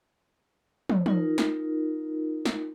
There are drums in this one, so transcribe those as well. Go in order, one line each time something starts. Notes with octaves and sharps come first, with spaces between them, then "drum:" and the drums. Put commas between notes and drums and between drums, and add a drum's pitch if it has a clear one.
drum: tom
D#4 F4 A#4, drum: tom
drum: snare
drum: snare